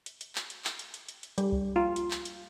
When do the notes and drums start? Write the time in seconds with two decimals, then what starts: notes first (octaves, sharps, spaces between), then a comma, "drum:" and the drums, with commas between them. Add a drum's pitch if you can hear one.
0.06 drum: hi-hat
0.21 drum: hi-hat
0.35 drum: clap
0.50 drum: hi-hat
0.65 drum: clap
0.79 drum: hi-hat
0.94 drum: hi-hat
1.09 drum: hi-hat
1.23 drum: hi-hat
1.38 G3, drum: hi-hat
1.52 drum: kick C2
1.76 F4
1.96 drum: hi-hat
2.11 drum: clap
2.25 drum: hi-hat